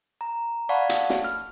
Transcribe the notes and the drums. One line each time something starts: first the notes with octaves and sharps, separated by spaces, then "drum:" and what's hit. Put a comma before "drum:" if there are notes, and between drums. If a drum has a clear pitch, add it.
A#5
D5 F5 F#5 A5 B5 C#6
drum: hi-hat
drum: snare
F6